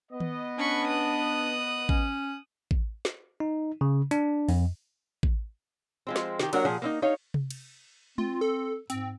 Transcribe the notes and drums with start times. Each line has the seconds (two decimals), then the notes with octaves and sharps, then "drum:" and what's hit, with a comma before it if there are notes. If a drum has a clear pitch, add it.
0.10 B3 D#5
0.20 drum: tom D#3
0.58 C#4 D4 B5 C#6
0.88 D#6 F#6
1.89 C#4, drum: kick A1
2.71 drum: kick A1
3.05 drum: snare
3.40 D#4
3.81 C#3
4.11 D4, drum: hi-hat
4.49 F2, drum: open hi-hat
5.23 drum: kick A1
6.07 F3 G#3 C4
6.16 drum: snare
6.39 D#3 G4, drum: snare
6.53 F#3 A#3 D4 A#4 C#5 F#5, drum: cymbal
6.65 A#2 F3 G#4
6.82 A#3 C4 D#4
7.02 D#4 C#5 F5
7.34 drum: tom C3
7.50 drum: cymbal
8.18 C4 F4, drum: tom G#3
8.41 A4
8.90 G#2 C4, drum: hi-hat